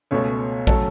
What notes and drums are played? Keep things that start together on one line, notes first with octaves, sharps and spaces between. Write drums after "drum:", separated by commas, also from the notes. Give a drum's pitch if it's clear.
C#2 B2 A3 C#4 C#5
F#3 A3 C#4 A4, drum: kick